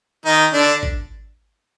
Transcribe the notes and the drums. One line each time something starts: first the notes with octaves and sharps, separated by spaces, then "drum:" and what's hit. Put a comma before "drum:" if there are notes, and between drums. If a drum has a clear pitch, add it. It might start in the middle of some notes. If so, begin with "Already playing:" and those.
D#3 D#4
D3 D4
drum: kick G#1